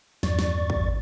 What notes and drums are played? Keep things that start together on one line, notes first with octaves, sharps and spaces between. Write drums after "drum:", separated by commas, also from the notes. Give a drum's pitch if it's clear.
E2 G2 D5 C#6 A6, drum: snare
drum: snare
drum: kick